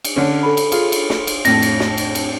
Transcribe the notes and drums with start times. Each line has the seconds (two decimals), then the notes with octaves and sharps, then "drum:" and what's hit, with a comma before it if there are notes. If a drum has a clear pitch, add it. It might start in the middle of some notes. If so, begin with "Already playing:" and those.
0.05 drum: cymbal
0.16 D3 C#4
0.43 A4 B5
0.57 drum: cymbal
0.72 F4 G#4, drum: cymbal
0.92 drum: cymbal
1.10 drum: snare
1.27 drum: cymbal
1.45 F2 A2 A#6, drum: cymbal
1.62 drum: cymbal
1.80 drum: snare
1.98 drum: cymbal
2.15 drum: cymbal